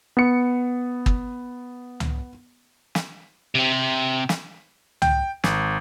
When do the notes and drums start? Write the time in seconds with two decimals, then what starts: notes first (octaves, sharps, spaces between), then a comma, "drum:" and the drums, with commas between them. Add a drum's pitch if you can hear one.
0.17 B3 C#7
1.06 drum: kick
2.00 drum: tom
2.95 drum: snare
3.55 C3 C4
4.29 drum: snare
5.02 G5, drum: tom
5.44 G#1, drum: snare